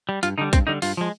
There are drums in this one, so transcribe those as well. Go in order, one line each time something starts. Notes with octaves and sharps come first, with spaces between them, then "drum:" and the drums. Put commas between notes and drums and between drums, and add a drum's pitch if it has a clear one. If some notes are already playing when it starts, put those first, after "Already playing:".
G3
G2 F4, drum: hi-hat
D3 G3 D#4
G2 C4, drum: kick, hi-hat
D3 G3 D#4
G2 F4, drum: open hi-hat
F3 G#3